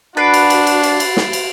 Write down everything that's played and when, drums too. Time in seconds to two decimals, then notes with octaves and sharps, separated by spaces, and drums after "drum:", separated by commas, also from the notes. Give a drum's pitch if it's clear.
0.17 D4 F#4 B4 A6 C7 D7
0.34 drum: cymbal
0.50 drum: cymbal
0.67 drum: cymbal
0.83 drum: cymbal
1.00 drum: cymbal
1.17 drum: snare
1.33 drum: cymbal